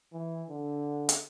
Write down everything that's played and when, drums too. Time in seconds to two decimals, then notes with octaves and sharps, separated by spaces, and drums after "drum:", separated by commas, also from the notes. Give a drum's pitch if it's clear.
0.13 E3
0.50 D3
1.09 drum: hi-hat